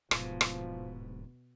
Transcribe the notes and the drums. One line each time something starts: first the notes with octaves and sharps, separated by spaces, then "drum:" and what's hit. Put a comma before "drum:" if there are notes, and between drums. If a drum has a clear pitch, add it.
D1 G#2 B2 F3, drum: rim click
drum: rim click